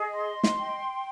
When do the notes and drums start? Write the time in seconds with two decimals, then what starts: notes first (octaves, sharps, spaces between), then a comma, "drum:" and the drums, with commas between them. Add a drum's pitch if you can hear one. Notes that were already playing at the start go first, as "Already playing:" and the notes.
Already playing: G#4 D#5
0.14 C6
0.43 drum: snare
0.59 G5